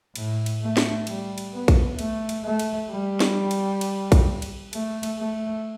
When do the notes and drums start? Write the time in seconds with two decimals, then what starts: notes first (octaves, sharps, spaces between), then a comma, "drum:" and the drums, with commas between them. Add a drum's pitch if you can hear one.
0.16 A2, drum: cymbal
0.46 drum: cymbal
0.62 A3
0.77 drum: snare
1.07 G3, drum: cymbal
1.38 drum: cymbal
1.53 B3
1.68 drum: kick, cymbal
1.99 A3, drum: cymbal
2.29 drum: cymbal
2.44 A3
2.59 drum: cymbal
2.90 G3
3.20 drum: snare
3.51 drum: cymbal
3.81 drum: cymbal
4.12 drum: kick, cymbal
4.42 drum: cymbal
4.73 A3, drum: cymbal
5.03 drum: cymbal
5.18 A3